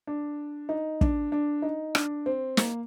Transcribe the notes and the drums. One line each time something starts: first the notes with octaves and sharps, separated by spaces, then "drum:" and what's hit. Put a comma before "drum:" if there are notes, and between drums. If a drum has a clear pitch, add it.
D4
D#4
D4, drum: kick
D4
D#4
D4, drum: rim click
C4
A#3, drum: snare